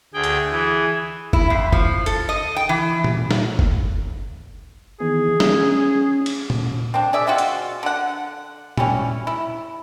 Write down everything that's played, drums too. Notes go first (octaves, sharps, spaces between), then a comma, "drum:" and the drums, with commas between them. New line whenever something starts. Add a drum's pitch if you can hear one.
D2 G#4 G5
drum: hi-hat
E3 G#4
E4, drum: kick
F2
F3, drum: kick
A4, drum: hi-hat
D#5
G5
E3
drum: tom A#2
drum: snare
drum: kick
D#3 E3 B3 G#4
C#4, drum: snare
drum: cymbal
drum: tom A#2
C4 D4
G#4 D5 E5
G#3 C4 F4 F#4
drum: hi-hat
D3 F#5
E3 G3 C#4, drum: tom
E4